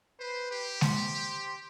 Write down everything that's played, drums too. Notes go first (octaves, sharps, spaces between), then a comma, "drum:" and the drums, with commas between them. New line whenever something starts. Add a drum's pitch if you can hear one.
B4 C5
G4
C5, drum: snare G#3